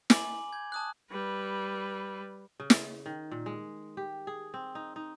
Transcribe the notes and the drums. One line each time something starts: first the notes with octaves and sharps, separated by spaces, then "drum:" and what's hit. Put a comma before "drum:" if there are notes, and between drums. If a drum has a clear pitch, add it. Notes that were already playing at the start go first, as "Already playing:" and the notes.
G#5 B5 D6 F#7, drum: snare
G6 G#6
A5 D#6 F#6
G3 B4
C#3
drum: snare
D#3
A#2
G#3
G4
G#4
C4
D#4
D#4